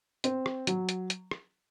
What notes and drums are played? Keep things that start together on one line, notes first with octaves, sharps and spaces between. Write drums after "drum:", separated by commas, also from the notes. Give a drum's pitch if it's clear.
C4, drum: hi-hat
drum: rim click
F#3, drum: hi-hat
drum: hi-hat
drum: hi-hat
drum: rim click